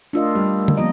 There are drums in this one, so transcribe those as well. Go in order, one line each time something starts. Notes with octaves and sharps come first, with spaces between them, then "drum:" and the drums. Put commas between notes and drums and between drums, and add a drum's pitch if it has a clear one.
A3 D4 F4 A#4 D#5 E6
G3
drum: tom
F3 A#3 B3 F4 D#5